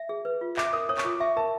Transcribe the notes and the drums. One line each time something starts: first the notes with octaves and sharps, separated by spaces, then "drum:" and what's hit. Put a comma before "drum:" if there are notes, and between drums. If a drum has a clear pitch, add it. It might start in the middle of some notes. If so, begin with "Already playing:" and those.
Already playing: E5
G#4
B4
F4
E5 D6, drum: clap
A#4 D#6
C#5 D#6
C#6, drum: clap
F4 D6
E5 C#6
A#4 A5